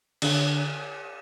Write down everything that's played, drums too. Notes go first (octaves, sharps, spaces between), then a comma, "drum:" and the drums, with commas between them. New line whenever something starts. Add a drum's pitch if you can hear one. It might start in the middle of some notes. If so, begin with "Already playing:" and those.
D3, drum: cymbal